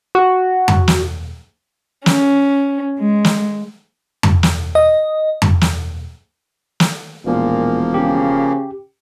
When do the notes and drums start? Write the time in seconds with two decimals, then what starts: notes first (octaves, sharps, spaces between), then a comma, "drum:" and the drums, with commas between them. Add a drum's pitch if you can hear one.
0.15 F#4
0.68 drum: tom F2
0.88 drum: snare
2.06 C#4, drum: snare
2.99 G#3
3.25 drum: snare
4.23 drum: tom F2
4.43 drum: snare
4.75 D#5
5.42 drum: tom F2
5.61 drum: snare
6.80 drum: snare
7.26 E1 A#2 F3 A#3
7.94 C#3 G4